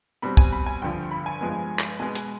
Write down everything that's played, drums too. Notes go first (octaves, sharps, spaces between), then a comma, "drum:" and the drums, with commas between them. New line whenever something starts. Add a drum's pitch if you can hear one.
B2 G3 C4 B5
G#5, drum: kick
B5
G#5
G2 D3 F3 G5
B5
G#5
G2 F3 G#3 B3
drum: clap
B2 G#3 B3 G#5
drum: hi-hat